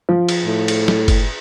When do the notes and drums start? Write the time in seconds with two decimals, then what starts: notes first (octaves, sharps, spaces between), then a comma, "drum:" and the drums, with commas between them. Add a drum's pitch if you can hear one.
0.09 F3
0.29 drum: cymbal
0.46 A2
0.68 drum: cymbal
0.88 drum: snare F#3
1.08 drum: kick F#1, cymbal